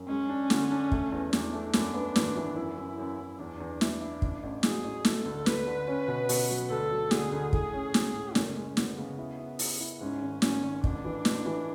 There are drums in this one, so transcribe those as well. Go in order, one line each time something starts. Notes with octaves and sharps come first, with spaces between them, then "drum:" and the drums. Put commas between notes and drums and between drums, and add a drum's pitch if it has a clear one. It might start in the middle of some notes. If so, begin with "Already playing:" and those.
Already playing: F#2
G#3 C#4
D4
D3, drum: snare
D4
A3, drum: kick
E2
E2 D4, drum: snare
A3
F#2 D4, drum: snare
B3
G#1, drum: snare
E3
F#2 E4
F#2
F#2
F#2
E2 D4
E2
E4, drum: snare
E4
A1, drum: kick
A1
F#3 G#4, drum: snare
A1
A3 A4, drum: snare
D2
D2 B4, drum: snare
D3
C#4
B2
B2, drum: open hi-hat
F#3
D2 A4
F#3
D3 G#4, drum: snare
D2
A2 G#4, drum: kick
C#4
C#4, drum: snare
A2
F#1 C#4, drum: snare
G#3
F#1 B3, drum: snare
C#3
E4
E4
E4, drum: open hi-hat
E4
G#2 C#4
G#1
G#1 C#4, drum: snare
G#1
A1 D4, drum: kick
E3
A1, drum: snare
E3